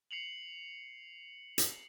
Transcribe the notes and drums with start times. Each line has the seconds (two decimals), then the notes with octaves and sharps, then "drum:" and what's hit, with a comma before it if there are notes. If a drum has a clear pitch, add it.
0.11 C7 C#7 F7 F#7
1.58 drum: hi-hat